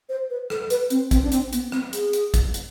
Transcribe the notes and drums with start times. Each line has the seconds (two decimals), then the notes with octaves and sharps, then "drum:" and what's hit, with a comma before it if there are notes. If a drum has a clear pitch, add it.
0.09 C5
0.30 B4
0.50 A4, drum: rim click
0.70 B4, drum: hi-hat
0.90 C4, drum: hi-hat
1.11 C4, drum: kick, hi-hat
1.23 D4
1.32 C4, drum: hi-hat
1.53 B3, drum: hi-hat
1.72 C4, drum: rim click
1.93 G#4, drum: hi-hat
2.13 drum: hi-hat
2.34 drum: kick, hi-hat
2.54 drum: hi-hat